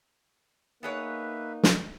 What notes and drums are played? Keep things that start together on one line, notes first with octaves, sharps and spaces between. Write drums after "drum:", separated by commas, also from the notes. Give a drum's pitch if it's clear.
A#3 B3 D#4 G#4 B4 C#5 E5
drum: snare